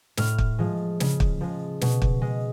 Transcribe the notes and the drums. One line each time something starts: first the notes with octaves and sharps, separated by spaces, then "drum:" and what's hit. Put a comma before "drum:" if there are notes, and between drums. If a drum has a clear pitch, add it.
A2 F6, drum: snare
drum: kick
F3 G#3
C#3, drum: snare
drum: kick
F3 G#3
B2, drum: snare
drum: kick
G#3